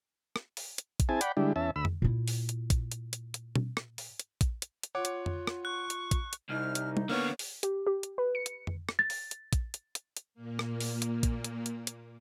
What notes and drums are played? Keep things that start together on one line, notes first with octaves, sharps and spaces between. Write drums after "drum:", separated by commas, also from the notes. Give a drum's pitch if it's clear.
drum: rim click
drum: open hi-hat
drum: hi-hat
drum: kick A#1, hi-hat
C4 E4 G#4 G#5 A5
D5 F#5 G5 B5, drum: hi-hat
D3 G3 G#3 D4 E4 G4
E2 C#4 E5 A5
D2 B5 E6
drum: tom F2
A#2 E4
drum: open hi-hat
drum: hi-hat
drum: kick A#1, hi-hat
drum: hi-hat
drum: hi-hat
drum: hi-hat
drum: tom B2
drum: rim click
drum: open hi-hat
drum: hi-hat
drum: kick A#1, hi-hat
drum: hi-hat
drum: hi-hat
F4 C#5 F#5 D6
drum: hi-hat
drum: tom F2
drum: rim click
C#6 F#6
drum: hi-hat
drum: kick A#1, hi-hat
drum: hi-hat
C2 D#4 F6
drum: hi-hat
drum: tom G3
D3 A#3 B3 C#5 F6
drum: open hi-hat
G4, drum: hi-hat
G4
drum: hi-hat
B4
C#7
drum: hi-hat
drum: tom F2
drum: rim click
A6
drum: open hi-hat
drum: hi-hat
drum: kick A#1, hi-hat
drum: hi-hat
drum: hi-hat
drum: hi-hat
A#2 A#3
drum: rim click
drum: open hi-hat
drum: hi-hat
drum: kick A#1, hi-hat
drum: hi-hat
drum: hi-hat
drum: hi-hat